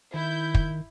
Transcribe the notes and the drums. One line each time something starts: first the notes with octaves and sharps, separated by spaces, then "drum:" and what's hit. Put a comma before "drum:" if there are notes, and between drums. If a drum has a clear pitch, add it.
D#3 E4 G6
drum: kick